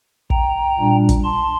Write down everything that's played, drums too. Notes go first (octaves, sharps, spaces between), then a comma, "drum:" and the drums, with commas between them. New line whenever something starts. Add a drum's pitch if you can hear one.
G5 A#5, drum: kick
A#2 G3 D4
drum: kick, hi-hat
A5 C6